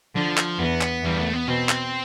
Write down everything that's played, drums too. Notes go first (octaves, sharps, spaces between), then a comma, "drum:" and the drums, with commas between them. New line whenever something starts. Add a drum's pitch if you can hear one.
D3 F3
drum: clap
E2 B3
drum: clap
E2 G3
A3
B3
B2 C4
drum: clap